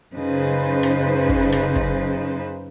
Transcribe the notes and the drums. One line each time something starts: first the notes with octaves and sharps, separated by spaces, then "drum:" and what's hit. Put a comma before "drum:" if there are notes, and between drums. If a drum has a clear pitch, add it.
F#2 C#3 D#4 B4 C5
drum: rim click
drum: kick
drum: rim click
drum: kick